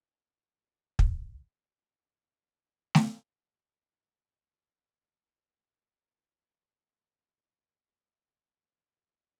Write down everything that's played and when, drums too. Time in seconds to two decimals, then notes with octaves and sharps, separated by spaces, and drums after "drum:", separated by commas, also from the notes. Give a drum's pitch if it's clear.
0.22 D#4 F4
0.99 drum: kick
2.95 drum: snare A3
4.27 B5
4.46 C#5
4.58 F5
4.83 G#5
5.31 C3 B3 C4 D#4
6.22 B4
7.64 E3
8.01 G3
8.18 C#4
8.34 D#4 G5
8.91 A4
9.20 E2 C#3